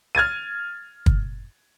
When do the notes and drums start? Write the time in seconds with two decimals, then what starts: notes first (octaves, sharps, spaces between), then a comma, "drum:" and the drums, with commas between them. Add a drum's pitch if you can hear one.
0.15 F6 G#6 A6 D#7
1.06 drum: kick